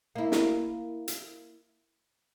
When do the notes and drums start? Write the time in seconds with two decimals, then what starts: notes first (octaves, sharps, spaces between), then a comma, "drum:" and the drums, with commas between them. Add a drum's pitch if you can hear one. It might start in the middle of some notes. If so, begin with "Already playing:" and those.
0.15 A#3 E4
0.32 drum: snare
1.08 drum: hi-hat